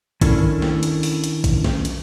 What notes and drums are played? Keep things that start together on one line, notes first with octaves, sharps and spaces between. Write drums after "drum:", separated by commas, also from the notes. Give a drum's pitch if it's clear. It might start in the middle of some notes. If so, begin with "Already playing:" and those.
D#3 C#4 D4 E4 A4 A#4, drum: kick, hi-hat
drum: snare
drum: hi-hat
drum: open hi-hat
drum: hi-hat
drum: kick, hi-hat
drum: snare
drum: hi-hat